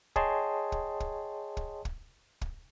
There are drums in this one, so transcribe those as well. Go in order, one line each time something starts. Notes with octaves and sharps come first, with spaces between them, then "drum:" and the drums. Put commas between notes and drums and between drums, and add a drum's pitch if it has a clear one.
G#4 C#5 D#5 G5 A5 C6, drum: kick
drum: kick
drum: kick
drum: kick
drum: kick
drum: kick